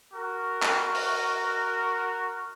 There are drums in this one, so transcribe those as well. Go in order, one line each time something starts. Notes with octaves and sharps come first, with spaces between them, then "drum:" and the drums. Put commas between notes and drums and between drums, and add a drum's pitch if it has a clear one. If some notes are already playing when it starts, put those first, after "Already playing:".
F#4 A#4
drum: clap
drum: open hi-hat